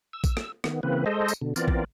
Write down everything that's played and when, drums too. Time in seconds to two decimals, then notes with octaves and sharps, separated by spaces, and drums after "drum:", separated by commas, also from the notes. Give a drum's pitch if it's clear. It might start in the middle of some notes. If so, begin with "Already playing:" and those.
0.13 E6
0.24 drum: kick A#1, tambourine
0.37 drum: rim click
0.64 D#3 B3, drum: rim click
0.83 C#3 E3 A#3 C4 B4
1.06 G#3 A4 C5 D#5
1.28 drum: tambourine
1.41 B2 D3
1.56 E3 B3 C4 F4 A#4 D5, drum: tambourine
1.68 drum: kick A#1